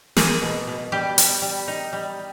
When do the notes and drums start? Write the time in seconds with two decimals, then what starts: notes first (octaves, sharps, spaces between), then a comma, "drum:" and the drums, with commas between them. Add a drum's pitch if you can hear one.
0.17 A#3 G#4, drum: snare
0.42 B2
0.67 B2
0.92 G3 G4
1.18 G3, drum: hi-hat
1.42 G3
1.68 D#4
1.93 G3